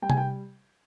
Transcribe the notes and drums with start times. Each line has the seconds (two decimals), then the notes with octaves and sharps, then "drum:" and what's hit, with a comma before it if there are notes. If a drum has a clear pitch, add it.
0.02 G3 G5
0.10 G#5, drum: tom C3
0.17 G5